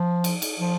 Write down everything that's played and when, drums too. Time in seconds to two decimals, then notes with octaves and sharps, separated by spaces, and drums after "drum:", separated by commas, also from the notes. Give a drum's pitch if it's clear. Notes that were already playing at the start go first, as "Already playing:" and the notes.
Already playing: F3
0.24 drum: cymbal
0.42 drum: cymbal
0.59 F3